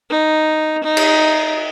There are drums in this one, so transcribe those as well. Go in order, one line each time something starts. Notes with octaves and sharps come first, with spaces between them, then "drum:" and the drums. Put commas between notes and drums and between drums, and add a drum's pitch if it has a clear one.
D#4
D#4
drum: cymbal